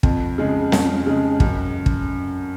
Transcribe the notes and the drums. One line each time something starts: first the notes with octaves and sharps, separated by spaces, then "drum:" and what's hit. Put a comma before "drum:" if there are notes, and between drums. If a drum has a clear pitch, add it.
F2, drum: kick
C#3 G#3
F2, drum: snare
C#3 G#3
F#2, drum: kick
drum: kick